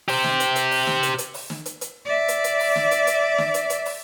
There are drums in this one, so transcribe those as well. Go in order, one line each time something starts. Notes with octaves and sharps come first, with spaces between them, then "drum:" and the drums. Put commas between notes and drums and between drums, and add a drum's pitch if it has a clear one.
G4 C5, drum: open hi-hat
drum: snare
drum: hi-hat
drum: hi-hat
drum: open hi-hat
drum: snare
drum: hi-hat
drum: hi-hat
drum: open hi-hat
drum: snare
drum: hi-hat
drum: hi-hat
D5 E5
drum: hi-hat
drum: hi-hat
drum: open hi-hat
drum: snare
drum: hi-hat
drum: hi-hat
drum: snare
drum: hi-hat
drum: hi-hat
drum: open hi-hat